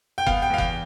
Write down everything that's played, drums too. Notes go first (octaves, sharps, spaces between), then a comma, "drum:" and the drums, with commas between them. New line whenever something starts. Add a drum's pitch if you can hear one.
G5
B3 F5, drum: kick F#1
G5
E2 F5
G5, drum: kick F#1